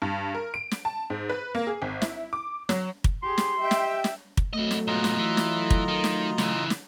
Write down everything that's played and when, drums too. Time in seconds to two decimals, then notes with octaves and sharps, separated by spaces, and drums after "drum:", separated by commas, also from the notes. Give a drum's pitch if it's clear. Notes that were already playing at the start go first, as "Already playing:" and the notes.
0.02 G2
0.35 A#4
0.54 D7
0.71 drum: snare
0.85 A5
1.10 G#2
1.29 B4
1.55 A#3
1.67 G#4
1.82 G#1
2.02 E4, drum: snare
2.33 D6
2.69 F#3, drum: snare
3.04 drum: kick
3.23 G4 G#4 C6
3.38 drum: snare
3.59 G4 D#5 E5 G5
3.71 drum: snare
4.04 drum: snare
4.37 drum: kick
4.53 F#3 A3 C4 D#5
4.71 drum: snare
4.87 G#2 B2 F4 D#5 A#5
5.04 drum: snare
5.18 E3
5.37 drum: snare
5.70 drum: kick
5.88 D#3
6.04 drum: snare
6.38 C#3 E3, drum: snare
6.70 drum: snare